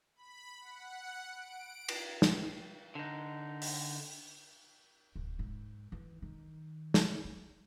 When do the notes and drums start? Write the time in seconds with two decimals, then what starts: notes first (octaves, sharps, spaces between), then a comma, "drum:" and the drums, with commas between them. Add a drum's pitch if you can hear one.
0.15 B5
0.60 F#5
1.36 D7
1.88 drum: cymbal
2.22 drum: snare
2.95 D3 D#4
3.62 drum: open hi-hat
5.15 D1
5.39 G#2
5.92 E3
6.22 D#3
6.94 drum: snare
7.24 G3